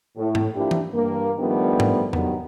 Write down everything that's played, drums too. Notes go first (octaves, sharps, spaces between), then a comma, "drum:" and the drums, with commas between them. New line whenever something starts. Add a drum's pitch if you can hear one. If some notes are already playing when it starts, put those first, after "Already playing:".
A2
drum: tom G#2
F3 A#3 D4 E4 G4
drum: tom E3
G2 A#3
D#3 F3 G3 A3 B3 D4
drum: tom G#2
G2 D#3 F#3 G3 B3, drum: tom E2